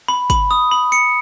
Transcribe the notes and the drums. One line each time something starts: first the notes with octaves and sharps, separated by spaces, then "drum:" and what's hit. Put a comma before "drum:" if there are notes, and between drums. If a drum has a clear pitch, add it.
B5
B5, drum: kick, hi-hat
D#6
B5
C#7